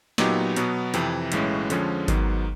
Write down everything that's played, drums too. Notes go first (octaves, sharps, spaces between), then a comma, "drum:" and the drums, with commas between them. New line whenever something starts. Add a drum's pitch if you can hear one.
A#2 F#3 B3 D#4 G4, drum: snare
B2 F#3 B3, drum: hi-hat
F2 C3 E3, drum: hi-hat
B1 A2 E3 G#3 C#4, drum: hi-hat
F2 D3 F3 G#3 C#4, drum: hi-hat
G#2 D#3 F#3 B3, drum: kick G#1, hi-hat